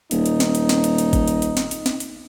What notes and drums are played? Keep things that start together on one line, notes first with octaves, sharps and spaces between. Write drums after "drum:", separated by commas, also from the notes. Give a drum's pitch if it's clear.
D#1 D#4, drum: hi-hat
drum: hi-hat
drum: snare
drum: hi-hat
drum: snare
drum: hi-hat
drum: hi-hat
drum: kick G#1, hi-hat
drum: hi-hat
drum: hi-hat
drum: snare
drum: hi-hat
drum: snare
drum: hi-hat